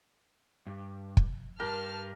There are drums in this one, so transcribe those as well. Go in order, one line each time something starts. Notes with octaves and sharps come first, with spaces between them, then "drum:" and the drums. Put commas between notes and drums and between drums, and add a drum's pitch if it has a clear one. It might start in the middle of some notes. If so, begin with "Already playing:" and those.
G2
drum: kick
G2 G4 A#4 A5 F6